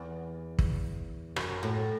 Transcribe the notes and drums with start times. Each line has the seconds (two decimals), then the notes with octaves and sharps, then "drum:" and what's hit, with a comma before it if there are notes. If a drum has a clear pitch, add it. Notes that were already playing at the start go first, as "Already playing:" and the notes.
Already playing: E2
0.59 drum: kick
1.36 F#2, drum: rim click
1.63 A2